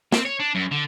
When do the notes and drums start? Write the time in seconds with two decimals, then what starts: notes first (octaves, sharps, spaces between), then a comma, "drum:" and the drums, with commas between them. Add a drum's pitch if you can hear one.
0.12 C4, drum: snare
0.25 C#5
0.39 D4
0.55 F#2
0.71 D3